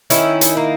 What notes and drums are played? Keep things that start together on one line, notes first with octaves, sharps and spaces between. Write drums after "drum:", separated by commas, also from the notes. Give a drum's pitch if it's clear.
D#3 C#4 E4, drum: hi-hat
drum: hi-hat
A#3